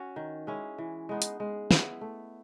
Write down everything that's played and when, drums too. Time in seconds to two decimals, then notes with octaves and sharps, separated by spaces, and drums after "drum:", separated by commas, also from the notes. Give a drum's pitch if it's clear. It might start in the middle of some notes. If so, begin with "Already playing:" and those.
Already playing: C#4 F#4
0.16 D#3
0.47 G#3 C#4 E4
0.78 E3
1.09 G#3 B3 D#4
1.22 drum: hi-hat
1.40 G#3
1.71 B3 E4, drum: snare
2.01 A3